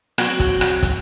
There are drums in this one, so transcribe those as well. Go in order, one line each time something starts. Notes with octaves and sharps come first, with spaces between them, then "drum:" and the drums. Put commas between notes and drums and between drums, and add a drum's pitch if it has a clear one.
F#3 C4 F#4, drum: rim click
drum: kick, hi-hat
drum: rim click
drum: kick, hi-hat